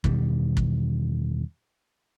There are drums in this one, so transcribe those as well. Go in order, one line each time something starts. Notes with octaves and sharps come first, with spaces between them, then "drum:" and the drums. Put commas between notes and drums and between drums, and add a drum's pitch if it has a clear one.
E2 B2 D#3 G3, drum: kick
drum: kick